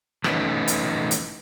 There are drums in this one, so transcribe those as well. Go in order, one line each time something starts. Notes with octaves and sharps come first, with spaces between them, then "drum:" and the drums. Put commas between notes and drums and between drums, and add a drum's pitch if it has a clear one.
E3 A3 B3 C#4 D#4 B4, drum: rim click
drum: hi-hat
drum: hi-hat